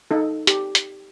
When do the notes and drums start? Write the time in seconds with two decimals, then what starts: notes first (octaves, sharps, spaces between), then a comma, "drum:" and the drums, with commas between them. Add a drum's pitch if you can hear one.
0.11 D#4 A4
0.47 G4, drum: hi-hat
0.75 drum: hi-hat